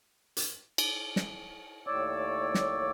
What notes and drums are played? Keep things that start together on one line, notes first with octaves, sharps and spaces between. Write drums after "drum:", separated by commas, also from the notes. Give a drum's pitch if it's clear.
drum: hi-hat
drum: cymbal
drum: snare
D#2 A2 C#5 D5 D6 E6
drum: snare